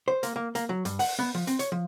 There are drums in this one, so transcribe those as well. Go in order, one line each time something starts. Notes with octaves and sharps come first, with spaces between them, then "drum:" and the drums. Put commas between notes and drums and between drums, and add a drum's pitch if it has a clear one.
C5
A#3, drum: hi-hat
A#3
A#3, drum: hi-hat
F#3
G2, drum: hi-hat
F#5, drum: open hi-hat
B3
F3
C4, drum: hi-hat
C#5, drum: hi-hat
F3